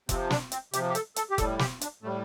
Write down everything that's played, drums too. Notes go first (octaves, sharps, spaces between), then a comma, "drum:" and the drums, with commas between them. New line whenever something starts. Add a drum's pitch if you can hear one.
C3 F3 C4, drum: kick F1, hi-hat
D4, drum: snare
C4, drum: hi-hat
C3 F3 G4, drum: hi-hat
G4
A4, drum: hi-hat
A4, drum: hi-hat
G4
A2 G3 A4, drum: kick F1, hi-hat
G4, drum: snare
D4, drum: hi-hat
A2 G3 A3